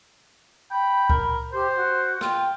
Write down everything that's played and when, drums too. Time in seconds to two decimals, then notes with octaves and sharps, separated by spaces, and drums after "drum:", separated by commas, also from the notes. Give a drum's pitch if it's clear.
0.71 G5 B5
1.10 A#4, drum: kick C#2
1.53 G4 C5
1.76 F#4
2.21 F4 G5, drum: rim click